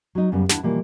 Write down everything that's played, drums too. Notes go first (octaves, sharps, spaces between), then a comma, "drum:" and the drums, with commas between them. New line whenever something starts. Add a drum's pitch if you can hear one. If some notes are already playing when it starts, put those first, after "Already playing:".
F#3 D#4
F#2 C#3 G3 B3
D#2 D4 E4 F#5 A5, drum: snare
B2 E3 F3 G3 A#3